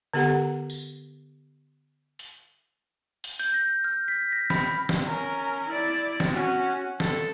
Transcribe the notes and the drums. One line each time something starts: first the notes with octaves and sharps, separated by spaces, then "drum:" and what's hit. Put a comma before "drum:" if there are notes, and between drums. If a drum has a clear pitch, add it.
D3 B3 G4 A4 F#5 A#5
drum: tambourine
drum: hi-hat
drum: hi-hat
G6, drum: hi-hat
A#6
F6
B6
A#6
B5, drum: snare
drum: snare
C#4 A#4
E4 D5
drum: snare
C#4 F#4
A4, drum: snare